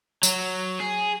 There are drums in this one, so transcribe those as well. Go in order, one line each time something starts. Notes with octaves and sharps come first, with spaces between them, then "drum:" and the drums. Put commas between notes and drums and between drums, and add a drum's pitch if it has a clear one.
F#3, drum: tambourine
G#4